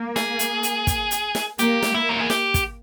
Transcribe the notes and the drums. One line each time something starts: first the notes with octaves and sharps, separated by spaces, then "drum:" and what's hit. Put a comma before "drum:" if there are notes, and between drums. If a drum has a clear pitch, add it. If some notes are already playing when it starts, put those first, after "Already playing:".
Already playing: A#3
G#4, drum: snare
drum: hi-hat
drum: hi-hat
drum: kick, hi-hat
drum: hi-hat
drum: snare
A#3 G4, drum: hi-hat
drum: snare
A#3 E4
A#4
G#4
G4, drum: snare
drum: kick, hi-hat